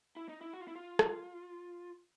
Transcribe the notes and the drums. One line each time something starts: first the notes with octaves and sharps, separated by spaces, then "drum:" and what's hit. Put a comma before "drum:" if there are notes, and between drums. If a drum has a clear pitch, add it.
E4
D#4
E4
F#4
F4
E4
F4
drum: rim click